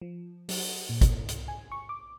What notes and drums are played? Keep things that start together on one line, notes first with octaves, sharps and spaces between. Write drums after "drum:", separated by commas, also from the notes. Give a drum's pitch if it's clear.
F3
F#3, drum: open hi-hat
A#2
drum: kick, hi-hat
C2, drum: hi-hat
G#5
C#6
D6